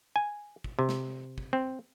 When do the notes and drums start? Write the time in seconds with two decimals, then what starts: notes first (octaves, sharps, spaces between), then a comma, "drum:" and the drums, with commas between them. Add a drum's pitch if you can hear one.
0.16 G#5
0.64 drum: kick
0.79 C3
0.89 drum: snare
1.38 drum: kick
1.53 C4